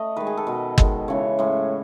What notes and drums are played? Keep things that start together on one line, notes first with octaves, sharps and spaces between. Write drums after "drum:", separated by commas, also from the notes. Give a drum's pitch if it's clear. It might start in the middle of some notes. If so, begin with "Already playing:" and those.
Already playing: A3 D#5
D#3 G#3 B4
G#4
A4
B2 G#3
D#3 G#3, drum: kick
C#3 E3 G#3 C#5
A2 E3 G#3